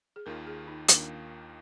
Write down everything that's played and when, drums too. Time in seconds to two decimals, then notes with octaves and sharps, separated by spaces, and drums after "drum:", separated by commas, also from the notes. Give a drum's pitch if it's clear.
0.16 G#4
0.26 D#2 D#3 A#3 F4 A#4
0.47 G#4
0.68 D#4
0.89 D#2 D#3 A#3 D4 F4, drum: hi-hat